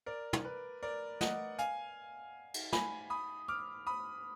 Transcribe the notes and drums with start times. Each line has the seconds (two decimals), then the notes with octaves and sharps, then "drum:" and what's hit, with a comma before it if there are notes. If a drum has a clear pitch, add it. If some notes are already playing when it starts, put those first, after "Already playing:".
0.06 A#4 D5
0.33 drum: tom
0.45 B4
0.83 A#4 D5
1.21 D#5 F#5, drum: snare
1.59 F5 G#5, drum: hi-hat
2.54 drum: cymbal
2.73 G#5 B5, drum: snare
3.10 B5 D#6
3.48 D6 F6
3.87 B5 D#6